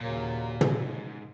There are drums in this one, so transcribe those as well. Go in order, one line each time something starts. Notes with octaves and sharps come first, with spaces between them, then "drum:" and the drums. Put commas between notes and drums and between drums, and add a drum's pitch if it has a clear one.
D#2 A#2 C#3 F#3 A#3
drum: tom
G#2